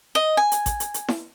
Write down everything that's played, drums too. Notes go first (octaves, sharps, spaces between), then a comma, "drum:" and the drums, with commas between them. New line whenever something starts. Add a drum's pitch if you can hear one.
D#5
G#5
drum: hi-hat
drum: kick A1, hi-hat
drum: hi-hat
drum: hi-hat
drum: snare E4